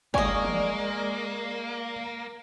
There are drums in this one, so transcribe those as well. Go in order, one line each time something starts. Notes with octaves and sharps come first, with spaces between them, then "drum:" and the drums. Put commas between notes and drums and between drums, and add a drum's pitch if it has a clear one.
G#3 A#3 D5 D#5 G#5 C#6, drum: kick
drum: tom E3